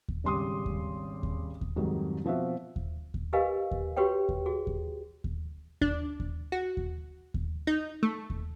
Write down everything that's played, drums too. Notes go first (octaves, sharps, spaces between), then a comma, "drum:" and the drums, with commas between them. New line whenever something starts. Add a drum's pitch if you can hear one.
drum: kick D#2
G#1 C#3 G3 C6 D6 D#6
drum: kick D#2
drum: kick D#2
drum: kick D#2
F2 G#2 D#3 F#3 G3
B2 F3 C4 F#4 E5
drum: kick D#2
drum: kick D#2
G4 A#4 B4 D#5 F5 G#5
drum: kick D#2
F#4 G4 B4 C#5 G5
drum: kick D#2
F#4 G#4
drum: kick D#2
drum: kick D#2
D4, drum: kick D#2
drum: kick D#2
F#4
drum: kick D#2
drum: kick D#2
D#4
A3
drum: kick D#2